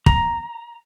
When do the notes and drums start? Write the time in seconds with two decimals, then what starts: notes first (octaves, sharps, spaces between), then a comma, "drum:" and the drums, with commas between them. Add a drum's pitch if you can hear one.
0.06 A#5, drum: kick